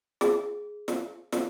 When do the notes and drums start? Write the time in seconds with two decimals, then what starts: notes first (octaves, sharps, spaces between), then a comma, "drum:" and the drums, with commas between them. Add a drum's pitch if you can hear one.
0.21 G#4, drum: snare
0.88 drum: snare
1.32 drum: snare